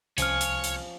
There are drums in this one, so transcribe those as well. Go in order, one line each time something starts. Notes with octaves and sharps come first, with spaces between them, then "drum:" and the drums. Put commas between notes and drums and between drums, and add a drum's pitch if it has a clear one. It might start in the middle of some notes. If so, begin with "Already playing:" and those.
C2 F3 C#4 C#5 F6, drum: hi-hat
drum: hi-hat
drum: hi-hat